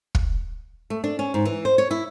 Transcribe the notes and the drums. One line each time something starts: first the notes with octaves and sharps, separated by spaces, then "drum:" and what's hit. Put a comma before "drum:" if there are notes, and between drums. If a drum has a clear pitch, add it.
drum: kick
A3
D4
C#4
G#2
E3
C5
C#5
E4